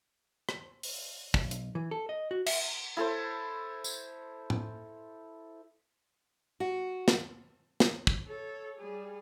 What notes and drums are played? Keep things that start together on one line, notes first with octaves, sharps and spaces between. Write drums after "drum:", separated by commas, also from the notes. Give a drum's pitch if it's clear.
drum: rim click
drum: open hi-hat
B1, drum: kick
drum: hi-hat
E3
A4
D#5
F#4
E5, drum: cymbal
E4 A4 C5
drum: tambourine
drum: tom A2
F#4
drum: snare
drum: snare
drum: kick
A4 C#5
G3 G#4